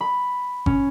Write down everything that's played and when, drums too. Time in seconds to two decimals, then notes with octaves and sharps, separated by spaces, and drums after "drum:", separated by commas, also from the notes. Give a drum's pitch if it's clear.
0.01 B5
0.66 C#4, drum: kick G1